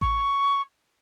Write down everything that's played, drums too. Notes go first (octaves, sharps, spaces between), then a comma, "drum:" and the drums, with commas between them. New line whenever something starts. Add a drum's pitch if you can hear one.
C#6, drum: kick A1